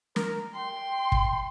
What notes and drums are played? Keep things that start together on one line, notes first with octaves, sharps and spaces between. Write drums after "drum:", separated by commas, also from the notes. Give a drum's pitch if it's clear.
A#4, drum: snare
G5 C6
drum: kick